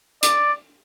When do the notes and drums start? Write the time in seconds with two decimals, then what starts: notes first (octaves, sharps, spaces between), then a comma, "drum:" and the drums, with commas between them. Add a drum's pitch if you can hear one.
0.23 D5, drum: hi-hat